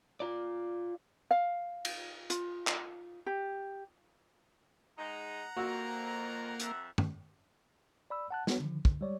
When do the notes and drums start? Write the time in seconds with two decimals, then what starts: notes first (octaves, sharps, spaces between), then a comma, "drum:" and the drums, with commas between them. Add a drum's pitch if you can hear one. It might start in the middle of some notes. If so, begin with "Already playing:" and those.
0.20 F4 D5
1.31 F5
1.85 drum: cymbal
2.30 F4, drum: hi-hat
2.67 drum: clap
3.27 G4
4.98 G#3 D#4 F#5 A#5
5.57 F2 A#3 F#4 E6
6.60 F2 E5, drum: hi-hat
6.98 drum: tom G2
8.10 D5 B5 E6
8.31 F#5 A5 F#6
8.47 G3 B3 F#4 C#5, drum: snare
8.60 D3 D#3 F3
8.85 C#2 D3, drum: kick
9.01 G3 G#3 C#5 D5